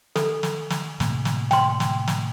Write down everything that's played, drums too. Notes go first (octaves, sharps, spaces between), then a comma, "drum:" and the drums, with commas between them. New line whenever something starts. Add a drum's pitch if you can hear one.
A4, drum: snare
drum: snare
drum: snare
A2 C3 A#3, drum: snare
drum: snare
G5 C6, drum: snare
drum: snare
drum: snare